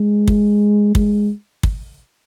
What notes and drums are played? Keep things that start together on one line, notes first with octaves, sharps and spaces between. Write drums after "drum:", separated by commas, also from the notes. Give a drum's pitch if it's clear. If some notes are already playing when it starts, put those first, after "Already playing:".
Already playing: G#3
drum: kick
G#3, drum: kick
drum: kick